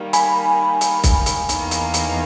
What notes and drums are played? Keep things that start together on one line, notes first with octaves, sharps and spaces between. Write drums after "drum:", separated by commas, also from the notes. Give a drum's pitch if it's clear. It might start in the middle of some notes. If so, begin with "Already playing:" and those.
Already playing: D#3 G3 A#3
G#5 B5, drum: hi-hat
drum: hi-hat
drum: kick B1, hi-hat
drum: hi-hat
E2 D#3 A#3 D#4, drum: hi-hat
drum: hi-hat
drum: hi-hat